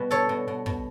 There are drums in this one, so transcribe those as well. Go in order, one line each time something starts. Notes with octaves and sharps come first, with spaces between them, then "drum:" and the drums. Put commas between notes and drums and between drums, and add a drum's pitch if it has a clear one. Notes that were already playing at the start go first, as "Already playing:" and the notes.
Already playing: B2 G3 B4
D4 A4 C#5
B2
B2
B2, drum: kick